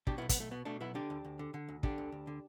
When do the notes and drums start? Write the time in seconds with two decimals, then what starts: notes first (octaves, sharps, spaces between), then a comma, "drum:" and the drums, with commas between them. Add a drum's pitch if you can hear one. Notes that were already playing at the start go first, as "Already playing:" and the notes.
0.07 B2 D4 G4, drum: kick
0.18 B3 E4
0.22 B1
0.29 B3, drum: kick, hi-hat
0.36 B1 A3
0.51 B2 B3
0.65 B2 A3 D4
0.80 B1 B3 E4
0.95 D3 D4 G4
1.10 D2
1.25 D2
1.39 D3
1.54 D3
1.69 D2
1.83 D3 D4 G4, drum: kick
1.98 D2
2.12 D2
2.27 D3